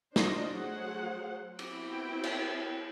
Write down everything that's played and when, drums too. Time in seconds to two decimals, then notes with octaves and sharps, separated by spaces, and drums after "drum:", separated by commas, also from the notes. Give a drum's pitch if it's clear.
0.16 D4 F4 F#4 C5 D5 D#5, drum: snare
0.52 F#3 A3 G#4 C5 F#5
1.59 B3 C4 E4 F#4 G5, drum: cymbal
2.24 drum: cymbal